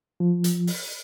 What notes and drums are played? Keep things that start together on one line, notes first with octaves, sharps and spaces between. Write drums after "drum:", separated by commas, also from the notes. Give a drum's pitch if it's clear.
F3
drum: hi-hat
drum: open hi-hat